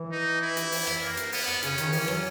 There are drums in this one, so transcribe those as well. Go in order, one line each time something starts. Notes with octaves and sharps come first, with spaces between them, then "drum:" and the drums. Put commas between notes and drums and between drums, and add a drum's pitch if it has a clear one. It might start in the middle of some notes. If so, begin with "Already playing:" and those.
Already playing: E3
D#4
E4
drum: hi-hat
drum: open hi-hat
drum: rim click
A#3
drum: hi-hat
B3, drum: open hi-hat
drum: rim click
C#3 C#4, drum: hi-hat
D#3, drum: hi-hat
E3 C#4, drum: open hi-hat
F#3, drum: rim click